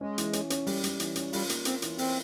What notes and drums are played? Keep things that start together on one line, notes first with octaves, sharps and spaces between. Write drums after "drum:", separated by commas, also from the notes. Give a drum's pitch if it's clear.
G#3 C#4
E3, drum: hi-hat
C#4, drum: hi-hat
C#4, drum: hi-hat
G3, drum: open hi-hat
G3, drum: hi-hat
E3, drum: hi-hat
C#4, drum: hi-hat
G3 F4, drum: open hi-hat
A#3, drum: hi-hat
A#3 C4, drum: hi-hat
E3, drum: hi-hat
E3 C4, drum: open hi-hat